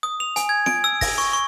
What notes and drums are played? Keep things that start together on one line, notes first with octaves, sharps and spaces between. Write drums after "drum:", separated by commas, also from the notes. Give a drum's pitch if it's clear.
D#6
F7
G#5, drum: hi-hat
G#6
D7, drum: snare
E6
A#6, drum: kick, open hi-hat
C#6
C#6